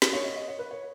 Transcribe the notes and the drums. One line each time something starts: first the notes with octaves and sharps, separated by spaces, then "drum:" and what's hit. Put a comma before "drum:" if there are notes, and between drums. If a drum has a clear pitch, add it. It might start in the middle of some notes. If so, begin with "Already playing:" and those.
drum: snare
C#5
D#5
D#5
C#5
B4
C#5